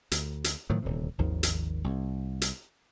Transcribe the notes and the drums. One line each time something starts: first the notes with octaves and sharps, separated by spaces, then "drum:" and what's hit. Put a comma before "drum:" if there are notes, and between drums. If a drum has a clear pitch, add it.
D2, drum: hi-hat
drum: hi-hat
A2 D#3 F3 F#3
D#1 D2 C3
G#1 D#2 D#3 F3
drum: hi-hat
C2
drum: hi-hat